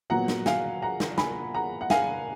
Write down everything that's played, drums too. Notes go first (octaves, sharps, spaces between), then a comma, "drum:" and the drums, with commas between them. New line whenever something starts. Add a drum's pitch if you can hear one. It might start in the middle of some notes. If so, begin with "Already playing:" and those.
A#2 F#3 B3 F#5 A#5
drum: snare
F5 G#5, drum: snare
F#5 A#5
drum: snare
G#5 B5, drum: snare
F#5 A#5
F#5
F5 G#5, drum: snare